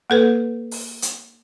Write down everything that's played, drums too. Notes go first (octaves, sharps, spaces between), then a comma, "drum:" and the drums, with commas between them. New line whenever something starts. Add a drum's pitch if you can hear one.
A#3 A4 B4
drum: open hi-hat
drum: hi-hat